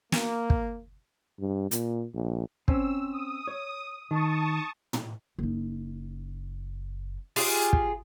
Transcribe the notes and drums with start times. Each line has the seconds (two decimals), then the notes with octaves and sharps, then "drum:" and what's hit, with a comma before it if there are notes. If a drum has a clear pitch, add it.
0.12 A#3, drum: snare
0.50 drum: kick
1.40 G2
1.71 A#2, drum: hi-hat
2.14 A#1
2.68 C4 C#4 E6, drum: kick
3.12 D#6
3.48 C#5
4.11 D#3 A5 C#6 D#6
4.93 drum: tom
5.39 F#1 D#4
7.36 F4 G4 G#4, drum: open hi-hat
7.73 drum: kick